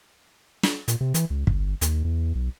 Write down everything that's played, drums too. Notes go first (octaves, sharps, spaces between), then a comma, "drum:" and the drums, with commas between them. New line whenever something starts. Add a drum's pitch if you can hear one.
drum: snare
A#2, drum: hi-hat
C3
E3, drum: hi-hat
C#2
G1, drum: kick
D#2, drum: hi-hat
E2
B1